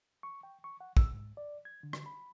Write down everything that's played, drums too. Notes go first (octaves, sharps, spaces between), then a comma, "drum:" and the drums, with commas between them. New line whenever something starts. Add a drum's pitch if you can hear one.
C#6
G5
C#6
F#5
E6, drum: kick
G#2
D5
G#6
D3
drum: rim click
B5